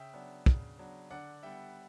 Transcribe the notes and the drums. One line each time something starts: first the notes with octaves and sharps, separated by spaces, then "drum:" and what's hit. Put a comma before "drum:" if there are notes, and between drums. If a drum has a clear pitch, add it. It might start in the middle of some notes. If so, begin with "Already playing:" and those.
Already playing: C#3 E5 G5
F#3 B3 D4
C#3, drum: kick
F#3 B3 D4
D3 D5 F#5
G3 B3 E5 G5